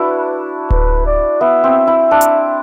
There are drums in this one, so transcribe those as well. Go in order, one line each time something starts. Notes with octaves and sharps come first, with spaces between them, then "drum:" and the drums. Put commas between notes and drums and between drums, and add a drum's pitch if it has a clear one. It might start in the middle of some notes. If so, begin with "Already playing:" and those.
Already playing: D4 E4 F#4 B4
B4, drum: kick D1
D5
B3 E5
C4
E4
D4
drum: hi-hat